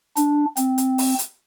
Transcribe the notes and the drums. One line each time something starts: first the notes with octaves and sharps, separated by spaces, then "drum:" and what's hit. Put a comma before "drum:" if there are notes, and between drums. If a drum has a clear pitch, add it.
D4, drum: hi-hat
C4, drum: hi-hat
drum: hi-hat
drum: open hi-hat
drum: hi-hat